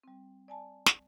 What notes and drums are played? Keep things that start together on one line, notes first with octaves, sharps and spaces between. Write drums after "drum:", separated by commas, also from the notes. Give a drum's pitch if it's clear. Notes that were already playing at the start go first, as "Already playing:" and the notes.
G3 C4
D5 G#5 A5
drum: snare